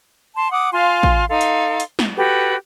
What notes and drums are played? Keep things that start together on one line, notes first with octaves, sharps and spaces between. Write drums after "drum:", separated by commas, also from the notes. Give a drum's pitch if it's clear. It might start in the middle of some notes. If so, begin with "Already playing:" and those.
A5 C6
F#5 D6 D#6
F4 F5 G#5 C6
drum: kick
D#4 A4 F5 C6
drum: hi-hat
drum: hi-hat
drum: snare
F#4 G4 A4 B4